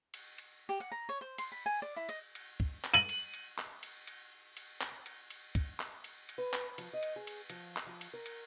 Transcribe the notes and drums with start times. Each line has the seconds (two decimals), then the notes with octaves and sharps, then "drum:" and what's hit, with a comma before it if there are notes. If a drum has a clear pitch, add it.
0.14 drum: cymbal
0.38 drum: cymbal
0.69 G4
0.80 F#5
0.92 A#5
1.09 C#5
1.21 C5
1.38 C6, drum: cymbal
1.52 B5
1.66 G#5
1.82 D5
1.96 E4
2.09 D#5, drum: cymbal
2.35 drum: cymbal
2.60 drum: kick
2.84 drum: clap
2.94 D#7 F#7
3.09 drum: cymbal
3.34 drum: cymbal
3.58 drum: clap
3.83 drum: cymbal
4.07 drum: cymbal
4.57 drum: cymbal
4.81 drum: clap
5.06 drum: cymbal
5.30 drum: cymbal
5.55 drum: kick, cymbal
5.80 drum: clap
6.04 drum: cymbal
6.29 drum: cymbal
6.38 B4
6.54 drum: clap
6.78 F3, drum: cymbal
6.93 D#5
7.03 drum: cymbal
7.16 G#4
7.27 drum: cymbal
7.50 F3, drum: cymbal
7.77 drum: clap
7.87 F3
8.01 drum: cymbal
8.14 A#4
8.26 drum: cymbal